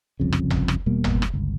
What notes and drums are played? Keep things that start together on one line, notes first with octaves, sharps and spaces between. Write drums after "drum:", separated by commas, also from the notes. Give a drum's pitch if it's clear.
F#1 C2 F2 C#3
drum: rim click
drum: tom G1
drum: rim click
E1 B2 G3 A#3
drum: tom G1
drum: rim click
G1 C#2